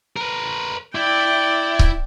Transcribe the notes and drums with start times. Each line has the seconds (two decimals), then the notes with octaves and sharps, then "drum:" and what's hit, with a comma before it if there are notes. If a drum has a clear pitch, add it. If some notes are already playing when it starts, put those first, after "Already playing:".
0.16 A#4 B4
0.95 E4 D5 G5
1.79 drum: kick C#1